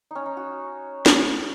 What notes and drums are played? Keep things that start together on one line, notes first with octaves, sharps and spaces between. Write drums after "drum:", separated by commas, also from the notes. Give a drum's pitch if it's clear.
C#4 D#4
D#4
F#4
drum: snare